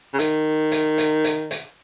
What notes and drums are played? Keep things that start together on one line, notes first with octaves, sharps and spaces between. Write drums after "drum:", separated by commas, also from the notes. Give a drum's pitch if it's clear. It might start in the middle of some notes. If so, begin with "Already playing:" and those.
C#3
D#3, drum: hi-hat
drum: hi-hat
drum: hi-hat
drum: hi-hat
drum: hi-hat